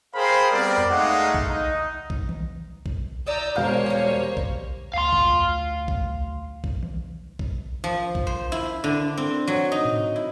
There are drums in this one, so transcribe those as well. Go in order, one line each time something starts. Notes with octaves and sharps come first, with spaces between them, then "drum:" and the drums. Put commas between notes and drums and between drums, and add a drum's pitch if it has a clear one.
G#4 A#4 C5 F5 G5 B5
G3 B3 C4 A#4 D5
drum: tom E2
G#3 A3 D#4 F5 F#5
drum: kick A#1
D#4
drum: kick A#1
drum: tom D#3
drum: kick A#1
E4 D5 D#5 A#5 E6 G6
E1 A#3 G4 A#4 C5 C#5 F5 G6
G3 C#4
drum: kick A#1
D2 F5 C6
drum: kick A#1
drum: tom E2
drum: kick A#1
drum: kick A#1
drum: tom D#3
drum: kick A#1
F3
drum: kick A#1
C5
E4
D3
C4
F#3
D#4
drum: tom G#2
E4